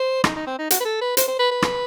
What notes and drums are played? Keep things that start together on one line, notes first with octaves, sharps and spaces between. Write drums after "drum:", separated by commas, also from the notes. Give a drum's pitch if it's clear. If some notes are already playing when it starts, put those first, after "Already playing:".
Already playing: C5
D#4, drum: rim click
D#4
C4
D#4
F#4, drum: hi-hat
B4
A4
B4
C5, drum: hi-hat
C5
B4
B4
drum: rim click